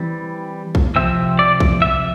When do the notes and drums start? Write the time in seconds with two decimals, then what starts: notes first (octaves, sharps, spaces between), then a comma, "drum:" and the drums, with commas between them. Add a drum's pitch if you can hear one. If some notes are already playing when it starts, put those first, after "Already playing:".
Already playing: E3 G3 C4
0.75 drum: kick B1
0.96 C3 F3 C4 E5
1.39 D5
1.60 drum: kick B1
1.82 E5